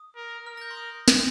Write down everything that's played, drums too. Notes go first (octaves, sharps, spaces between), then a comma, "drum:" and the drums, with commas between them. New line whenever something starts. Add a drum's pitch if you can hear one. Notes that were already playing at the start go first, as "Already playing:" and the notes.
Already playing: D#6
A#4
A#4 F6
A#6
G6
C6
D#6
G6, drum: snare